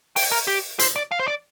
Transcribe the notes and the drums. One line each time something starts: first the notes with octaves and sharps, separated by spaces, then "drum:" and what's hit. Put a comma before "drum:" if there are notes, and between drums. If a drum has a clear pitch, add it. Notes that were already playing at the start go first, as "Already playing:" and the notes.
G5, drum: open hi-hat
A#4
G4
C5, drum: hi-hat
D5
F5
C5
D5